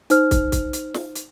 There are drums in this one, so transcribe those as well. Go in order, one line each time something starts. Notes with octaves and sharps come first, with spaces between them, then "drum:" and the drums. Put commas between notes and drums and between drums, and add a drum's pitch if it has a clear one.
D#4 C5 F6, drum: hi-hat
drum: kick, hi-hat
drum: kick, hi-hat
drum: hi-hat
drum: snare
drum: hi-hat